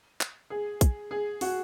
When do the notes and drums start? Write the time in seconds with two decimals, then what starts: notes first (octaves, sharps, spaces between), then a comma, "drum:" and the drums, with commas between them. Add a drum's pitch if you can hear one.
0.21 drum: clap
0.50 G#4
0.81 drum: kick, hi-hat
1.11 G#4
1.41 F#4, drum: open hi-hat